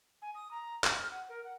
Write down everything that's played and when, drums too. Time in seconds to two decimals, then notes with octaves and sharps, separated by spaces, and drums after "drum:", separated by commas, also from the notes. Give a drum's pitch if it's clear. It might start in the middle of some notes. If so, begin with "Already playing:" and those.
0.22 G#5
0.35 D#6
0.51 A#5
0.84 D#5, drum: clap
0.98 F6
1.11 F#5
1.29 A#4
1.44 F#5